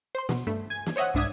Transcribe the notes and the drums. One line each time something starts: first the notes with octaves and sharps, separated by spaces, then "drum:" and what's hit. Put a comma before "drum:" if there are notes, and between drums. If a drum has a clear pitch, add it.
C5 C6
B2, drum: snare
G2 A3
G#5 G#6
drum: snare
C5 C#5 D#5 E5 F#5
C2 G#2 D4 E5 D#6 G#6